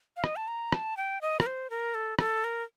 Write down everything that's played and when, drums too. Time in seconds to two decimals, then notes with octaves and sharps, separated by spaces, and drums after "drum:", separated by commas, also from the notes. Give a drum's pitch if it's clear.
0.17 F5
0.24 D#5, drum: rim click
0.36 A5
0.48 A#5
0.72 A5, drum: rim click
0.97 G5
1.21 D#5
1.40 A#4, drum: rim click
1.46 C5
1.70 A#4
1.94 A4
2.19 A4, drum: rim click
2.44 A#4